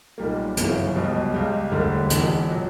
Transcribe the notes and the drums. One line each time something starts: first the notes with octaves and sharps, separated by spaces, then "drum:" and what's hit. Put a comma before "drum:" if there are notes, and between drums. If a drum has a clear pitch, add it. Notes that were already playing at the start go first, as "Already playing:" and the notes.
B1 A#2 G3 A#3
G1 F#2 C#3 E3, drum: hi-hat
C#2 B2 G3
C#2 C#3 G3
E1 D2 D3 G3 A#3
E1 E2 B2, drum: hi-hat
A#2 F#3